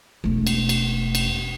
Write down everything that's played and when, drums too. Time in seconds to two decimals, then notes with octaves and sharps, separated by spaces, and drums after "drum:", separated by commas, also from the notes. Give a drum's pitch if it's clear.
0.24 E1 A3
0.47 drum: cymbal
0.69 drum: cymbal
1.15 drum: cymbal